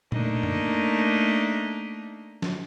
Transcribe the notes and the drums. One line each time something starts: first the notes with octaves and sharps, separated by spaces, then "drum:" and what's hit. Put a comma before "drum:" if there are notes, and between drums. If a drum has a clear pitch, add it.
A3 A#3 D4 D#4, drum: tom A#2
drum: tom F#2
drum: snare